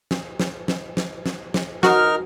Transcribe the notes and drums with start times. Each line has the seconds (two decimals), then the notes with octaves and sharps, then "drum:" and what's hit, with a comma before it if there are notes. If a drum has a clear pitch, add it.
0.11 drum: snare
0.40 drum: snare
0.68 drum: snare
0.97 drum: snare
1.26 drum: snare
1.54 drum: snare
1.83 D#4 F#4 A#4 F6, drum: snare